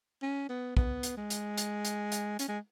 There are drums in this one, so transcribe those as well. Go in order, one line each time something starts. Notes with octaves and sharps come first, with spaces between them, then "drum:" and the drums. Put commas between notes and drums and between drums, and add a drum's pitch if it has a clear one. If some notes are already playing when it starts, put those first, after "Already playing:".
C#4
B3
B3, drum: kick
drum: hi-hat
G#3
drum: hi-hat
drum: hi-hat
drum: hi-hat
drum: hi-hat
C#4, drum: hi-hat
G#3